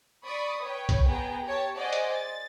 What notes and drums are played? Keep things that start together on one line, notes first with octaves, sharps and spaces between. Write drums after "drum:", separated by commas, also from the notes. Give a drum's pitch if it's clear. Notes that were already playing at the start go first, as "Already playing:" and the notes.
D5 B5 C#6 D#6
B4 C#5 G5
drum: kick B1, hi-hat
B3 G#4 G5 A#5
G4 C#5 A5
G#4 C5 D5 D#5 F#5
drum: hi-hat
A6